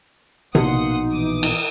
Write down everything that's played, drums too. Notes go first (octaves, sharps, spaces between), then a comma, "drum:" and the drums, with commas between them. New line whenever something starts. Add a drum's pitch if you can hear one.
A#1 B2 A#3 D#4 F#5 C6 D#6, drum: tom C3
E3 D6 D#6
drum: cymbal